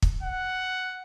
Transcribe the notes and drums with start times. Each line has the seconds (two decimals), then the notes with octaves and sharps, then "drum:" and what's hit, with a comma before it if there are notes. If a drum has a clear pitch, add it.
0.02 drum: kick
0.23 F#5